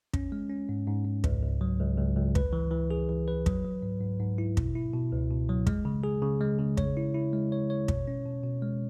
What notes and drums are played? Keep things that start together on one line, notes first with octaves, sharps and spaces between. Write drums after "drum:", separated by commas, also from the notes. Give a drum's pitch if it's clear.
C#4, drum: kick
G#3
C#4
G#2
G#2
G#2
C#2, drum: kick
C#2
F#3
C#2
C#2
C#2
B4, drum: kick
E3
E3
G#4
E3
B4
F#3, drum: kick
F#3
G#2
G#2
G#2
E4
B2, drum: kick
E4
B2
C#2
B2
F#3
G#3, drum: kick
C#3
G#4
C#3
G#3
C#3
C#5, drum: kick
E4
E4
G#3
C#5
C#5
B2, drum: kick
C#4
B2
B2
G#3